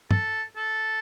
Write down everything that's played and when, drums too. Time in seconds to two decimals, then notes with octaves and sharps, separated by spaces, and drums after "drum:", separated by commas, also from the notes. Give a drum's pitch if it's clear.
0.11 A4, drum: tom
0.56 A4